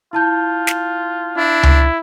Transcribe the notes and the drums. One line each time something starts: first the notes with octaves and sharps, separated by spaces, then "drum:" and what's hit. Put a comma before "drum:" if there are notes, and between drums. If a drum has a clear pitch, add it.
E4 F4 A5 G6
drum: snare
D4 E4
drum: tom C#2